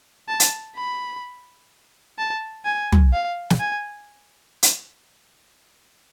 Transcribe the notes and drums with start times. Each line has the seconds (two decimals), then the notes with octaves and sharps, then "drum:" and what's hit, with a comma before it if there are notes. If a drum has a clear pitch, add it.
0.28 A5
0.40 drum: hi-hat
0.76 B5
2.18 A5
2.65 G#5
2.92 drum: tom
3.13 F5
3.50 drum: snare
3.60 G#5
4.63 drum: hi-hat